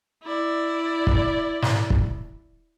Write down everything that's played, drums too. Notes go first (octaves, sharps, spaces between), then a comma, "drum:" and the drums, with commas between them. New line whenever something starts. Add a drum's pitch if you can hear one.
E4 D5
drum: kick
drum: snare
drum: kick